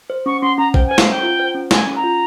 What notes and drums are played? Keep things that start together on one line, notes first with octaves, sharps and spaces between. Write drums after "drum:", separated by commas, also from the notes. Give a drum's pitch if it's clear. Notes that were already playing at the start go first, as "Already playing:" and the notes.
C5
C#4 C#6
C#4 C6
C#4 A#5
C5 G5, drum: kick
G#5
C5
F5, drum: snare
C#4 G5
F4
C5
C#4
C#4 G#5, drum: snare
C#4
A#5
F4